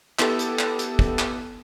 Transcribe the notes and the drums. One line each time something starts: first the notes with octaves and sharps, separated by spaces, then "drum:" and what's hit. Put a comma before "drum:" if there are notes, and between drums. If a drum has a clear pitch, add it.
B3 E4 G4 A4, drum: clap
drum: hi-hat
drum: clap
drum: hi-hat
drum: kick
drum: clap